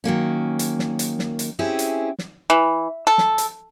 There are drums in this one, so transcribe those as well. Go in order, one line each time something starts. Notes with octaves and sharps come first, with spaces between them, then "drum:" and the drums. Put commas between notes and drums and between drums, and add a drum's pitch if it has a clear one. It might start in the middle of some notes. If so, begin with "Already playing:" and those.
D#3 F#3 A#3 C#4
drum: hi-hat
drum: snare
drum: hi-hat
drum: snare
drum: hi-hat
C4 C#4 E4 G4 G#4
drum: hi-hat
drum: snare
E3
A4
drum: snare
drum: hi-hat